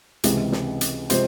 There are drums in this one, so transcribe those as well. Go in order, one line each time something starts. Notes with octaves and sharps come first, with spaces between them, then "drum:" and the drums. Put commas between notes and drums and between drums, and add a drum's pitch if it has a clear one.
C#2 C3 E3 G#3, drum: hi-hat
drum: snare
drum: hi-hat
C3 F3 G#3 C5, drum: hi-hat